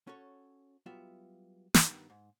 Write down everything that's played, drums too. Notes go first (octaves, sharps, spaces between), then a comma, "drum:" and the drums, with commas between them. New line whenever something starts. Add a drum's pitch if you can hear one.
C#4 F#4 A4 C#5
F#3 G3 B3 F4 E5
G2 D#3 G3 B3 D#4, drum: snare
G#2